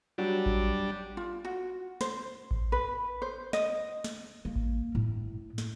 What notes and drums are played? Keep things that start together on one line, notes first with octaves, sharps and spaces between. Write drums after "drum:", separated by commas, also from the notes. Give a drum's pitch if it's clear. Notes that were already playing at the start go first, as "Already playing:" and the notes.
F#3 G3 D4
drum: kick A1
F4
F#4
C5, drum: snare
drum: kick A1
B4
C5
D#5, drum: snare
drum: snare
A#3
drum: kick A1
A2
drum: snare